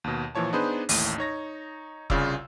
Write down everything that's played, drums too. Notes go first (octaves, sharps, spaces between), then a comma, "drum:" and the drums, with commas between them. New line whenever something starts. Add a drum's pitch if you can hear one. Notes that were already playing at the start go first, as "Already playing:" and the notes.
D#2 B2
A#2 E3 F3 C#5 A5
B3 D4 D#4 G#4 B4 C5
A1 D#2 A2, drum: open hi-hat
D#4 C#5 A#6
C2 C#3 F4 D5 E6, drum: kick F1